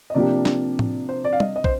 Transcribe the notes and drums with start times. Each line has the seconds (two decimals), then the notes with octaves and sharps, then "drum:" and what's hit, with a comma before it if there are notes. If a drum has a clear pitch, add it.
0.10 D#5
0.14 C3 F3 A#3 D4 G4 D5
0.45 drum: snare
0.79 drum: tom A2
1.09 C5
1.25 D5
1.33 F5
1.40 D#5, drum: tom G3
1.56 D#5
1.64 C5, drum: kick